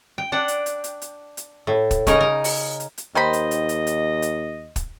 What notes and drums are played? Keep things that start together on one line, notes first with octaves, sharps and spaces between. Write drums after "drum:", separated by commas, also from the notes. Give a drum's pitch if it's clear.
G5
D4 F#5 G5
drum: hi-hat
drum: hi-hat
drum: hi-hat
drum: hi-hat
drum: hi-hat
A2
drum: kick, hi-hat
C#3 C#4 D#4 A#4, drum: kick, hi-hat
A#4
drum: open hi-hat
drum: hi-hat
drum: hi-hat
D#2 D#3 C5 D#5 B5
drum: hi-hat
drum: hi-hat
drum: hi-hat
drum: hi-hat
drum: hi-hat
drum: kick, hi-hat